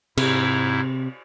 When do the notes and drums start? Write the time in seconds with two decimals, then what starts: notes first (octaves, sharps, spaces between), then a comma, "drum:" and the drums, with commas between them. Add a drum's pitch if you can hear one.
0.17 G#2 C3 E4, drum: cymbal